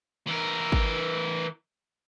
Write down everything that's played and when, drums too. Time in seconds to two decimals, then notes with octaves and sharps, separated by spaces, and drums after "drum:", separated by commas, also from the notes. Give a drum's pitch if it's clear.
0.27 E3 A#4
0.72 drum: kick G#1